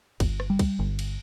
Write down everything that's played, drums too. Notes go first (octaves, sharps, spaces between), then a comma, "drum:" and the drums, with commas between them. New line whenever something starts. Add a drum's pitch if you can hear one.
G1, drum: kick, cymbal
drum: rim click
G3
drum: kick, cymbal
G1
drum: cymbal